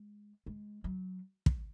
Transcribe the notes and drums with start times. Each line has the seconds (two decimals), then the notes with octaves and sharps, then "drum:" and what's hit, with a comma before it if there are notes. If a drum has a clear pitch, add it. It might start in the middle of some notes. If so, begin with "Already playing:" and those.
Already playing: G#3
0.46 G#3
0.84 F#3
1.46 drum: kick